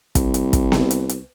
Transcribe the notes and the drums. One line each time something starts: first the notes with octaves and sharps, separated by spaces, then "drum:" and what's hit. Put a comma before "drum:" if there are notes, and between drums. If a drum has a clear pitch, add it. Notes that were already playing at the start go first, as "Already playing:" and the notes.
C2, drum: kick, hi-hat
drum: hi-hat
drum: kick, hi-hat
drum: snare B3
drum: hi-hat
drum: hi-hat